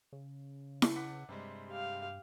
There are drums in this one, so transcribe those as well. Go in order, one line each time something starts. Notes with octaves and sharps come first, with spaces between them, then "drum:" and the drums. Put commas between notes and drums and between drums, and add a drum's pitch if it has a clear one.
C#3
drum: snare E4
F#5 D6 B6
G2 C3 G3 G#3
G4 F5